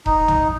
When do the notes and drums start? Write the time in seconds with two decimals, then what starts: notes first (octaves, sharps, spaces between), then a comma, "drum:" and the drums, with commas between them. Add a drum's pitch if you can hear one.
0.06 D#4, drum: kick E1
0.28 drum: tom B1